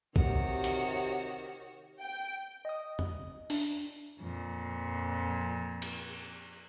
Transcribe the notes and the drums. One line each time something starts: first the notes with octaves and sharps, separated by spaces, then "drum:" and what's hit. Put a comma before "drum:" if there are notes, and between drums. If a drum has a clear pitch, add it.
C3 D#3 F#4 G4 C#5, drum: kick
drum: hi-hat
G5
D#5 D#6
drum: tom
D4, drum: open hi-hat
F2 A#2
drum: cymbal